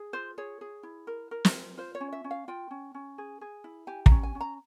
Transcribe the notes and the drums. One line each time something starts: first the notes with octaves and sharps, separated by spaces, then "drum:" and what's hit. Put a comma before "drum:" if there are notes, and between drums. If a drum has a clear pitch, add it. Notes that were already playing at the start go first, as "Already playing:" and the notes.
Already playing: G#4
F4 C5
G#4 C#5
G#4
E4
A#4
A#4
drum: snare
F4
F4 C5
C#5
C#4
E5
C#4
F5
F4 G5
C#4
C#4
G#4
G#4
E4
G4 G#5
A#5, drum: kick
C#4
G#5
C#4
A#5